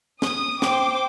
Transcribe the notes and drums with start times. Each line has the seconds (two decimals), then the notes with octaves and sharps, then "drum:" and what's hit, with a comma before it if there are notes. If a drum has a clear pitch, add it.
0.22 D#6, drum: snare
0.62 C5 G5 D6, drum: snare